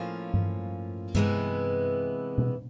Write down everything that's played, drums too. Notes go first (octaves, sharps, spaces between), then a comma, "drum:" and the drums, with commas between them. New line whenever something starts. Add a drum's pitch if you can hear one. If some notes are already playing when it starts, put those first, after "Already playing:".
Already playing: A2 F3 A#3 C#4 F4
drum: tom G2
C3 E3 G#3 B3 E4, drum: tom G2
drum: tom B2